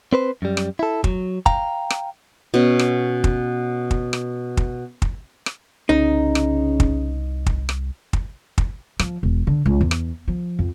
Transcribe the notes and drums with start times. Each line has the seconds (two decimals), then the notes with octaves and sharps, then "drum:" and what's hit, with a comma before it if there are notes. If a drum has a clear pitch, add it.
0.13 C4 B4 C5
0.42 F#2 G3
0.57 drum: rim click
0.79 E4 A4
1.04 F#3, drum: kick
1.46 F5 G5 A#5, drum: kick
1.90 drum: rim click
2.54 B2 C#4
2.79 drum: rim click
3.24 drum: kick
3.91 drum: kick
4.13 drum: rim click
4.57 drum: kick
5.02 drum: kick
5.46 drum: rim click
5.89 C2 C#3 D#4
6.35 drum: rim click
6.80 drum: kick
7.46 drum: kick
7.69 drum: rim click
8.13 drum: kick
8.58 drum: kick
8.99 F3, drum: rim click
9.23 E1
9.47 D3
9.66 C#2
9.81 E2
9.91 drum: rim click
10.28 F3
10.59 F2